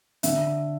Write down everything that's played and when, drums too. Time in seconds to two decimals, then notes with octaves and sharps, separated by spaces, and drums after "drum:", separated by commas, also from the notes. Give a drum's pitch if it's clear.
0.23 D3 E5, drum: hi-hat